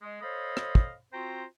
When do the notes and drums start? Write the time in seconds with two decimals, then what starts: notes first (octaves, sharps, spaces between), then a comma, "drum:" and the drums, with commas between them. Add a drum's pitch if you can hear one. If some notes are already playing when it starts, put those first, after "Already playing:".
0.02 G#3
0.21 A4 C5 C#5 D#5 F5 B5
0.57 drum: rim click
0.75 drum: kick
1.12 C4 F4 F#4 C5 G5 A#5